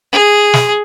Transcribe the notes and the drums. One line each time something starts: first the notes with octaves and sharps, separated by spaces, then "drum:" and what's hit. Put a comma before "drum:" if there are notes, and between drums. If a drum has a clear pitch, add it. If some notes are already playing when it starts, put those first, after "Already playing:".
G#4
drum: snare